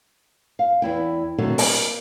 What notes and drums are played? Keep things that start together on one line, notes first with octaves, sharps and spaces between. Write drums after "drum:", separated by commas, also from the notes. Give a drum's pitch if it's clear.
F5
E2 E4 G5
B2 D3 D#3 F#3 A3 C4
A#3, drum: open hi-hat